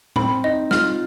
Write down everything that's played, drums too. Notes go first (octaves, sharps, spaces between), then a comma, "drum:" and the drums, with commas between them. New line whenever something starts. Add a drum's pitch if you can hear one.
C4 B5, drum: tom A2
D#4 D#5
F4 F6, drum: snare